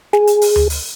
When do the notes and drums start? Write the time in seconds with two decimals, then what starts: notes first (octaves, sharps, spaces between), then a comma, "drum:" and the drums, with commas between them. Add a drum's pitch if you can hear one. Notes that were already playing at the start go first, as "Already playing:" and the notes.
0.13 G#4, drum: snare
0.27 drum: hi-hat
0.41 drum: open hi-hat
0.56 drum: tom D2
0.70 drum: open hi-hat